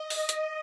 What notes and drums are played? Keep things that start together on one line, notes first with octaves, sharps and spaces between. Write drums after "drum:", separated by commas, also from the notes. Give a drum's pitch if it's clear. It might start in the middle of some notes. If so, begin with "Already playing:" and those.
Already playing: D#5
D#5, drum: open hi-hat
drum: hi-hat